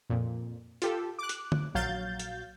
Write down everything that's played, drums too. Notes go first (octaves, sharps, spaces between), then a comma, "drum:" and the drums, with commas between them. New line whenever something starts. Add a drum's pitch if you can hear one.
F2 A#2
F4 G4 A4, drum: hi-hat
D6 F#6
drum: hi-hat
drum: tom D3
A#1 F#3 F5 G6 A6
drum: hi-hat